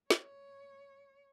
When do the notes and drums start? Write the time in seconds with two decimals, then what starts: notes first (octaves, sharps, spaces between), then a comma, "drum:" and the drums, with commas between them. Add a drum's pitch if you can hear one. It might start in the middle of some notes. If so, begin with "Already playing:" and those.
0.10 C#5, drum: snare